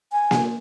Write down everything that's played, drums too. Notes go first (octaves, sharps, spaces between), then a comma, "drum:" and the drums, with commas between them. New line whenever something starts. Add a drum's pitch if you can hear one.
G#5
drum: snare A#3